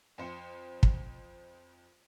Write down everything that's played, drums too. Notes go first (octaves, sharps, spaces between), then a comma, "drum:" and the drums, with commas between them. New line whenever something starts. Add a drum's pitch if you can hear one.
F2 C5 C#7
drum: kick